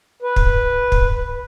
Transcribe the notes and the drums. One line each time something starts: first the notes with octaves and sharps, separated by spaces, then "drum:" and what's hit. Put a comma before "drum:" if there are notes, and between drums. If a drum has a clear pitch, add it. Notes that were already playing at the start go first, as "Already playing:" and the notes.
B4
drum: kick
drum: kick